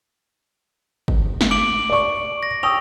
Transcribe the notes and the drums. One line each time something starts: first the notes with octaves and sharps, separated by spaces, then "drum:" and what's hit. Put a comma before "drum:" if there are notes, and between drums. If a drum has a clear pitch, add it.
drum: kick
drum: snare
D6 D7 F#7
D5 C#6
A#6
G5 C#6 D#6 E6 F7